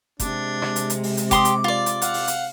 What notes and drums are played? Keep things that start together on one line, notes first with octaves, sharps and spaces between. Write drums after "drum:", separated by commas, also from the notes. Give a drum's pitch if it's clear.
C3 G#3 D4, drum: kick F#1, hi-hat
drum: rim click
drum: hi-hat
drum: hi-hat
drum: open hi-hat
drum: hi-hat
G4 C6 D6 D#6, drum: kick F#1, hi-hat
drum: hi-hat
F4 D5
drum: hi-hat
F5 F#5, drum: hi-hat
drum: open hi-hat
drum: hi-hat